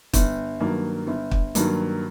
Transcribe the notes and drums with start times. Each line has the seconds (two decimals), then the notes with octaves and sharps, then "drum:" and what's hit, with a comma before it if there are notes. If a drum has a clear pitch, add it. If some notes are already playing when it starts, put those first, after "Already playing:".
0.13 G1, drum: kick, hi-hat
0.60 G2 D#3 F#3 A#3
1.07 G1
1.31 drum: kick
1.55 G2 D#3 F#3 A#3, drum: hi-hat